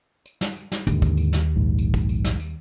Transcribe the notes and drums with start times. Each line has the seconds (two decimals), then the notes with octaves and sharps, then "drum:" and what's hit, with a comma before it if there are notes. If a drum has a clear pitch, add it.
0.26 drum: tambourine
0.41 drum: snare
0.56 drum: tambourine
0.72 drum: snare
0.87 D#2 G#2 D3, drum: tambourine
1.02 drum: kick, tambourine
1.17 drum: tambourine
1.33 drum: snare
1.56 A#1 G#2
1.79 drum: tambourine
1.94 drum: kick, tambourine
2.09 drum: tambourine
2.24 drum: snare
2.40 drum: tambourine